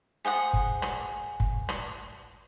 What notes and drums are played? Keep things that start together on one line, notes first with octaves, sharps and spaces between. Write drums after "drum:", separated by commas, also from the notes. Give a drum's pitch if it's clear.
G#4 C5 F#5 D#6
drum: kick
drum: rim click
drum: kick
drum: rim click